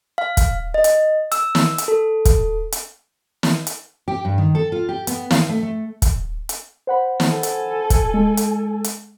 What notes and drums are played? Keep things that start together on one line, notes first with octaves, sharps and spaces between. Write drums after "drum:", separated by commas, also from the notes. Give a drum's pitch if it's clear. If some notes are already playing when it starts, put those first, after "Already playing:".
F5
drum: kick, hi-hat
D#5
drum: hi-hat
E6, drum: hi-hat
drum: snare
drum: hi-hat
A4
drum: kick, hi-hat
drum: hi-hat
drum: snare
drum: hi-hat
G4
G2
D#3
A4
F4
G4
B3, drum: hi-hat
F5, drum: snare
A3
A3
drum: kick, hi-hat
drum: hi-hat
C5 F#5 B5
drum: snare
A4 G#5
drum: hi-hat
drum: kick, hi-hat
G#3
drum: hi-hat
drum: hi-hat